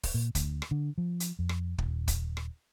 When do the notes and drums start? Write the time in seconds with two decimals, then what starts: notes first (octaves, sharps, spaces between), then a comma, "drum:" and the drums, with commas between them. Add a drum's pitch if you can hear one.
0.04 drum: kick, open hi-hat
0.14 A#2
0.35 D2, drum: kick, hi-hat
0.62 drum: rim click
0.71 D3
0.98 F3
1.20 drum: hi-hat
1.39 F2
1.49 drum: rim click
1.78 D#1, drum: kick
2.08 drum: kick, hi-hat
2.37 drum: rim click